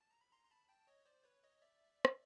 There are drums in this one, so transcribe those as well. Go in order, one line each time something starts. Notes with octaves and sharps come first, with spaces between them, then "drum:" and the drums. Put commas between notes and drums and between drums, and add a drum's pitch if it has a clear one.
A5
A#5
B5
A#5 C6
C6
A5 B5
G5 A5
C#5 D#5
C5 D5
B4 C#5
C#5 D#5
D5 E5
drum: rim click